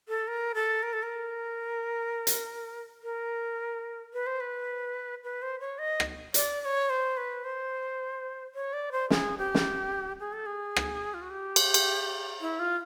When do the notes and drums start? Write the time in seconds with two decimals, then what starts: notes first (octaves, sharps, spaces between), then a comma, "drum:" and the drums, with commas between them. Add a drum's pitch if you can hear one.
0.08 A4
0.28 A#4
0.55 A4
0.83 A#4
0.93 A4
1.03 A#4
2.27 drum: hi-hat
3.03 A#4
4.13 B4
4.27 C5
4.40 B4
5.24 B4
5.42 C5
5.60 C#5
5.79 D#5
6.00 drum: rim click
6.34 D5, drum: hi-hat
6.62 D5
6.65 C#5
6.90 C5
7.17 B4
7.44 C5
8.55 C#5
8.73 D5
8.92 C5
9.10 G#4, drum: snare
9.38 G4
9.55 drum: snare
10.20 G#4
10.33 A4
10.46 G#4
10.76 drum: rim click
11.14 F4
11.22 F#4
11.30 G4
11.56 drum: cymbal
11.74 drum: cymbal
12.41 E4
12.59 F4